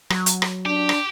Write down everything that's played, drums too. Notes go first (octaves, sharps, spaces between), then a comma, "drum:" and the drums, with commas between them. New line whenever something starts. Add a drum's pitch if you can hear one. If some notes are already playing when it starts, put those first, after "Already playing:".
F#3, drum: rim click
drum: hi-hat
drum: rim click
D4 G4
drum: rim click